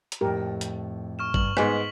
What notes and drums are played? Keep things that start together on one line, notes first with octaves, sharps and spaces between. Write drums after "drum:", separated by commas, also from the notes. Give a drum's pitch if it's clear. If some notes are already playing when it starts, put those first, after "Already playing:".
drum: hi-hat
F2 A2 G4 A#4
drum: hi-hat
C#6 F6 E7
G2 F#7, drum: kick
G#2 B3 D#5 G#5 B6, drum: rim click